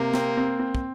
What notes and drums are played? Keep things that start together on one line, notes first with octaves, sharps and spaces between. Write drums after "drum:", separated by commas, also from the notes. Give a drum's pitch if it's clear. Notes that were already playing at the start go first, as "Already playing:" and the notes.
Already playing: C3 A#3
C4, drum: snare
C4
C4
drum: kick